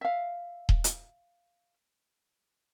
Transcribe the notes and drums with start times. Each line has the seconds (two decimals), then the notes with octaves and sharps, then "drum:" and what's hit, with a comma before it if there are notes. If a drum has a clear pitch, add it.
0.01 E5 F5
0.69 drum: kick D#1
0.84 drum: hi-hat